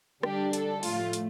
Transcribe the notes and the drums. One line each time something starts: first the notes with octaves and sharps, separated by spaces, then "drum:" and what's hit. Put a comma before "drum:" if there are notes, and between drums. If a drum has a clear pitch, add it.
D3 G3 D4 G4, drum: rim click
A4, drum: hi-hat
A2 F3 A3 F4, drum: open hi-hat
drum: hi-hat